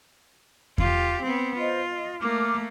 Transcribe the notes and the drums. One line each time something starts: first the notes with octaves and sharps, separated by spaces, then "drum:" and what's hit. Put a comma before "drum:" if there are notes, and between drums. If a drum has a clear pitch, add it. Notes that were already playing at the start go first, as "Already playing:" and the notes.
F4 G4 F5, drum: kick E2
B3 C4
F4 C5 D#5
D#5
A3 A#3 A#4 D6 F6